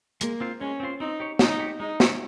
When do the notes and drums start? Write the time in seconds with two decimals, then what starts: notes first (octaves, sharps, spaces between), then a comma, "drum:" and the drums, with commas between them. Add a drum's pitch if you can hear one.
0.21 G#3 A#3, drum: hi-hat
0.41 C4 F4 C5
0.60 G#3 C#4
0.80 C4 F4 C5
1.00 C4 D#4
1.20 G4 C#5
1.39 C4 D#4, drum: snare
1.59 G4 C#5
1.80 G#3 D#4
2.00 C4 G4 C#5, drum: snare